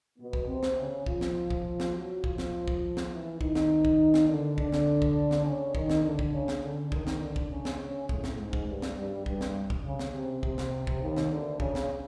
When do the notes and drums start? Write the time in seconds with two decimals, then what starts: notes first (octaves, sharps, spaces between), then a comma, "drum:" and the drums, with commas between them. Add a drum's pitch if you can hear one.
0.18 B2 B3
0.33 drum: kick
0.47 C3 C4
0.63 drum: snare
0.77 C#3 C#4
1.06 F3 F4, drum: kick
1.21 drum: snare
1.50 drum: kick
1.80 drum: snare
1.94 F#3 F#4
2.24 F3 F4, drum: kick
2.38 drum: snare
2.68 drum: kick
2.97 drum: snare
3.11 E3 E4
3.41 D#3 D#4, drum: kick
3.55 drum: snare
3.85 drum: kick
4.14 drum: snare
4.29 D3 D4
4.58 D3 D4, drum: kick
4.72 drum: snare
5.02 drum: kick
5.31 drum: snare
5.45 C#3 C#4
5.75 D#3 D#4, drum: kick
5.90 drum: snare
6.04 D3 D4
6.19 drum: kick
6.33 C#3 C#4
6.48 drum: snare
6.62 D3 D4
6.92 D#3 D#4, drum: kick
7.07 drum: snare
7.21 D3 D4
7.36 drum: kick
7.50 C#3 C#4
7.65 drum: snare
7.80 C#3 C#4
8.09 A2 A3, drum: kick
8.24 drum: snare
8.38 G#2 G#3
8.53 drum: kick
8.67 G2 G3
8.82 drum: snare
8.97 G2 G3
9.26 G2 G3, drum: kick
9.41 drum: snare
9.70 drum: kick
9.85 C#3
9.99 drum: snare
10.13 C3
10.43 C3, drum: kick
10.58 drum: snare
10.87 drum: kick
11.02 D#2 D#3
11.17 drum: snare
11.31 D2 D3
11.60 C#3, drum: kick
11.75 drum: snare